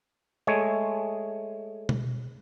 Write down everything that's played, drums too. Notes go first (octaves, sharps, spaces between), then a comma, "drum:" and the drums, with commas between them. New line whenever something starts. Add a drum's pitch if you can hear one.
G#3 A3 C#5
drum: tom B2